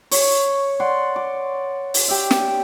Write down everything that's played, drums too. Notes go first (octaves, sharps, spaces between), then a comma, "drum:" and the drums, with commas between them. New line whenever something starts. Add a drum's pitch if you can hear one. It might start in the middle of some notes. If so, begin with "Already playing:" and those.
C#5, drum: open hi-hat
D5 F#5 C6
D6
drum: open hi-hat
G4 E5
drum: snare